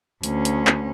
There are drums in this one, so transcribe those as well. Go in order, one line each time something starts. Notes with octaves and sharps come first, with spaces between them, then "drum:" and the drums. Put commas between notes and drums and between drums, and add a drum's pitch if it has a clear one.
D2 C#4, drum: hi-hat
drum: hi-hat
drum: clap